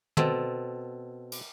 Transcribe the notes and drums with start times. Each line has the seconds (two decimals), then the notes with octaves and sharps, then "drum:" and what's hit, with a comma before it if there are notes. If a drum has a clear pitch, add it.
0.17 B2 C4 A4, drum: tom
1.32 drum: cymbal